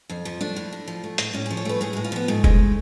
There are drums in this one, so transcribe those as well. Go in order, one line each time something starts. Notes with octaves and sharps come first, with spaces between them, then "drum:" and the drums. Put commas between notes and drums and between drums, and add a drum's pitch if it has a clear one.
F2
F3
A3 D4
A2
A2
F3
A3
A2, drum: hi-hat
A2 C#4
F3 G#4
C#5
A3 B4
A2 G#4
A2 F#4
F4
F3 B3
G#2 A3
G#3, drum: kick E1